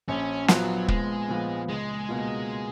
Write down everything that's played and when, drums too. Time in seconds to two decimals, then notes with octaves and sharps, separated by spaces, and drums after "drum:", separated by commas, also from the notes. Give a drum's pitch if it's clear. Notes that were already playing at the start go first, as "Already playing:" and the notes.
0.08 A#1 C#4
0.48 A#2 F3 F#3 B3 F4, drum: snare
0.88 A#1 G#3, drum: kick
1.29 A#2 F3 B3 F4
1.69 C#2 G#3
2.09 B2 A#3 F4